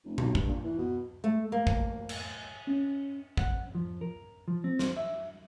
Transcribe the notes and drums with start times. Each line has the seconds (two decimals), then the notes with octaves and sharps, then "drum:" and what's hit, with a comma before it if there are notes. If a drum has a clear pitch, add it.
0.05 F1
0.18 B1, drum: tom A#2
0.35 G2, drum: kick
0.49 A#2
0.64 E3
0.78 B2
1.24 A3
1.52 A#3
1.67 drum: kick
2.09 drum: cymbal
2.67 C#4
3.37 F#5, drum: kick
3.75 F3
4.01 A#4
4.48 F3
4.64 C4
4.79 C5, drum: snare
4.97 E5